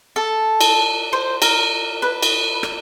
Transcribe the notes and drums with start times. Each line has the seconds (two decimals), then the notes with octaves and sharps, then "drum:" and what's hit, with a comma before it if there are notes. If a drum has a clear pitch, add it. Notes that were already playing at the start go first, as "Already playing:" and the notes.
0.16 A4
0.61 drum: cymbal
1.13 C5
1.42 A#4, drum: cymbal
2.02 B4
2.23 drum: cymbal
2.63 drum: rim click